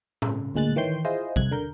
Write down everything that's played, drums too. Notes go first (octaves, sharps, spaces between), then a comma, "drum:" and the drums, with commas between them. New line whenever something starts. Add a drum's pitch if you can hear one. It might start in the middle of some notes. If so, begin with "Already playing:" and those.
C#3, drum: tom A2
D2 A#2 G#3 F#6 A6
D#3 E3 C#5 G5 C6 G6
E4 F4 G#4 C5 D#5
C2 F#6 G#6, drum: kick
D3 A#4 G6